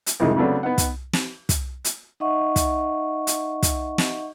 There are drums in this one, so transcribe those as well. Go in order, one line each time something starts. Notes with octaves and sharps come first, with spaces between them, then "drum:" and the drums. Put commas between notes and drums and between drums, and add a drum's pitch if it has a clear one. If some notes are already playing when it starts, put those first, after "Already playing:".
drum: hi-hat
C2 F2 C3 D#3 G#3 D#4
C#3 F#3 A3 B3 C4 D4
B3 D#4 F#5
drum: kick, hi-hat
drum: snare
drum: kick, hi-hat
drum: hi-hat
D#4 D#5 E5 F#5 C#6
drum: kick, hi-hat
drum: hi-hat
drum: kick, hi-hat
drum: snare